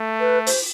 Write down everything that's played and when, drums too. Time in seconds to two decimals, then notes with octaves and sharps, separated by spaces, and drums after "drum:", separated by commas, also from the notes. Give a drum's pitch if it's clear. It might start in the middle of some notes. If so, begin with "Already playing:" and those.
Already playing: A3
0.20 B4
0.47 C5, drum: open hi-hat